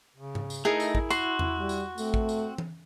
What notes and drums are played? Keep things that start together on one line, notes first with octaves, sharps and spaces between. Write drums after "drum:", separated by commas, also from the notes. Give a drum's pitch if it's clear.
C#3
drum: tom G#2
drum: tambourine
A3 D#4 E4 G#4 A#4
drum: tambourine
drum: kick A1
F#4 C6, drum: tambourine
drum: tom E2
G3
drum: tambourine
A3 C4, drum: tambourine
drum: kick A1
drum: tambourine
drum: tom E3